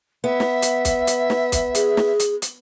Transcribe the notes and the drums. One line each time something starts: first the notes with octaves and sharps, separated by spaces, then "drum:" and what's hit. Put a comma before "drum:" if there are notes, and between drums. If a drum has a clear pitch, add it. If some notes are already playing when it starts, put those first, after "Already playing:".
B3 E5
drum: snare
drum: hi-hat
drum: kick, hi-hat
drum: hi-hat
drum: snare
drum: kick, hi-hat
G#4, drum: hi-hat
drum: snare
drum: hi-hat
drum: hi-hat